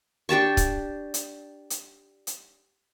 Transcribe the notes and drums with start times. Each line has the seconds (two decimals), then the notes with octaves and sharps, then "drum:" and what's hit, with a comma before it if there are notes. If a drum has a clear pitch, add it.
0.29 D4 G4 A5 C#6
0.57 drum: kick C#1, hi-hat
1.14 drum: hi-hat
1.70 drum: hi-hat
2.27 drum: hi-hat